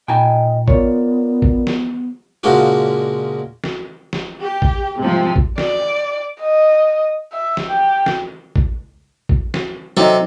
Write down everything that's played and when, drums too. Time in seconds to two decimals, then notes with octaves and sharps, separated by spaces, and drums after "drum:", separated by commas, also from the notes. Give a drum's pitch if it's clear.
0.08 A#2 D#4 D#5 G5 G#5 A#5
0.68 B3 F4 A#4 C#5 D5, drum: kick
1.42 drum: kick
1.67 drum: snare
2.43 A#2 C#3 G#3 D4 F4 F#4
3.64 drum: snare
4.13 drum: snare
4.40 G4
4.62 drum: kick
4.99 G#2 C3 F3
5.36 drum: kick
5.58 D5, drum: snare
6.41 D#5
7.33 E5
7.57 drum: snare
7.68 G4
8.06 drum: snare
8.56 drum: kick
9.29 drum: kick
9.54 drum: snare
9.97 C3 F#3 D#4 A4